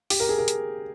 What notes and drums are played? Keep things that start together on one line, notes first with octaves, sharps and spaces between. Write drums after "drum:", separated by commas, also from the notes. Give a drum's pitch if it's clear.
G4, drum: open hi-hat
A#4
G#4
A#4
drum: hi-hat